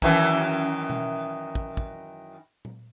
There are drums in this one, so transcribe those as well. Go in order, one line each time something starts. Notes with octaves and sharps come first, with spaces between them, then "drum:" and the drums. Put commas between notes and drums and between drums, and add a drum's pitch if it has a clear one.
F#2 D#3 E3, drum: kick
drum: tom B2
drum: kick
drum: kick
drum: tom A#2